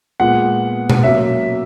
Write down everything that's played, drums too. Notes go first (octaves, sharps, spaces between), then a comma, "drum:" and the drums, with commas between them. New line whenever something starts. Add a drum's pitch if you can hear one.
A#2 G#3 B3 F#5
drum: tom B2
B2 F#3 A#3 C#4 E5